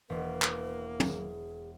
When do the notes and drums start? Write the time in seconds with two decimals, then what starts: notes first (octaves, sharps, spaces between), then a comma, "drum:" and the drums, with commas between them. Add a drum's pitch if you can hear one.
0.10 E1 A#3 B4
0.42 drum: clap
1.00 G#4, drum: tom